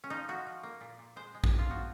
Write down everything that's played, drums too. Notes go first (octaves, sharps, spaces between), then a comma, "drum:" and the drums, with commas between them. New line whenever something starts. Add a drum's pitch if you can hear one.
C#4
F3 D#4
F3 F#4
F3
A#3
A#2
A#2
G#3 C5
G#3
G#4, drum: kick
C3
F4
F3 F#4